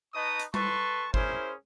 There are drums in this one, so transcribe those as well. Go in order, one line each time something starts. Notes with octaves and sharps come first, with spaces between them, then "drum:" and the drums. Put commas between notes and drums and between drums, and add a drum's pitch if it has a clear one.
D#4 B4 D#5 A5 C#6 D#6
drum: hi-hat
A4 B4 A5 C6 C#6, drum: tom G3
C#4 E4 G#4 A#4 C5, drum: kick